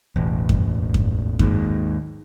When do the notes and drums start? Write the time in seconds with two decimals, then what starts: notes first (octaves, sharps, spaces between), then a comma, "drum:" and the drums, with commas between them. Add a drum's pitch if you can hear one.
0.16 E1 A1
0.49 drum: kick F#2
0.94 drum: kick F#2
1.39 D#2 G#2, drum: kick F#2